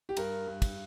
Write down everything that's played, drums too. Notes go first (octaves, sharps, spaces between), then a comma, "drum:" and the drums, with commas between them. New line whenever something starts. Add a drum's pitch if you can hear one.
G4
G2 A#4, drum: cymbal
G2
drum: kick, cymbal